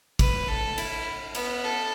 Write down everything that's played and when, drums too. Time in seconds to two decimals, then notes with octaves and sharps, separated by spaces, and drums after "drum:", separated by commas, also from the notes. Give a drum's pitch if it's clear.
0.19 B4, drum: kick, cymbal
0.48 A4
0.78 E4, drum: cymbal
1.35 B3, drum: cymbal
1.64 A4